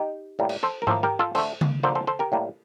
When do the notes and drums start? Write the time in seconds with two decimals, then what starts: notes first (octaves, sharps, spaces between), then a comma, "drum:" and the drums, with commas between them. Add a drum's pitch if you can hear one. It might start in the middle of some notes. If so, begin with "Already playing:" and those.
Already playing: D#4 G4
0.39 A2 G3 A#3
0.49 drum: cymbal
0.63 A4 C5
0.82 A#4
0.87 A2 F3 A#3 A4 C5, drum: tom G#2
1.03 G4 A#4
1.19 F4 A4
1.35 D3 A3 A4 C5, drum: cymbal
1.61 drum: tom C#3
1.83 D3 F3 A#3 A4 C5
1.95 A4 C5
2.07 A4 C5
2.19 G4 A#4
2.32 A2 G3 A#3